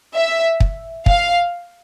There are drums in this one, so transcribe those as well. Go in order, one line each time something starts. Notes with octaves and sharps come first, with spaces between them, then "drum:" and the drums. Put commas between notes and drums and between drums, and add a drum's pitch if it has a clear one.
E5
drum: kick
F5, drum: kick